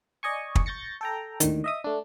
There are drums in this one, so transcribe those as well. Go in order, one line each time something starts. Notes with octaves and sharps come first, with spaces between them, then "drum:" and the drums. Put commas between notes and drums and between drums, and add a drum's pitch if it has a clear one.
D5 D#5 G#5 C#6
drum: kick
C#6 G6 A6 A#6 C#7
A4 G5 A#5
D#2 A2 D3 D#3, drum: hi-hat
D#5 E5 D#6
A3 D4